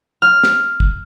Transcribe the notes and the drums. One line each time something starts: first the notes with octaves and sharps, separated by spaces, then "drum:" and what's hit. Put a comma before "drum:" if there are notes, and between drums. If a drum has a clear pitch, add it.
F6
drum: snare
drum: kick